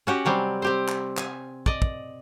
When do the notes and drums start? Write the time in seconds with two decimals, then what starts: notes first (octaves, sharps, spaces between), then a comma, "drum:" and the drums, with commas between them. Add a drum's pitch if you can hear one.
0.07 C#4 F#4 G4
0.25 C3 F#3 G3 C4
0.62 C4 G4 C5
0.88 drum: clap
1.17 G#5, drum: clap
1.66 D5 D#5, drum: kick
1.82 drum: kick